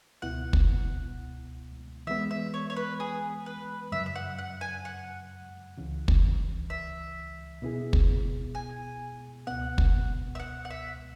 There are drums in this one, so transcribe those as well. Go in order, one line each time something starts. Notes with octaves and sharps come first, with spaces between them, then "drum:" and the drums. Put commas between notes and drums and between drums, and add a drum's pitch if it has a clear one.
C#2 B2 B3 E4 F#5
drum: kick
E3 G#3 B3 E5
E5
C#5
C#5
B4
G#4
B4
F#2 C#3 F#3 E5
E5
F#5
F#5
G#5
F#5
C#2 C#3 E3
drum: kick
E5
B2 B3 E4 G#4
drum: kick
G#5
C#2 B2 B3 F#5
drum: kick
E5
F#5
F#5
E5